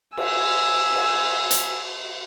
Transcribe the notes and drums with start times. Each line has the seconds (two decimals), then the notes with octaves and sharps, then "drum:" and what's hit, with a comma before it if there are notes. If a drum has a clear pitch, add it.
0.17 G#5 E6, drum: cymbal
0.95 drum: cymbal
1.51 drum: hi-hat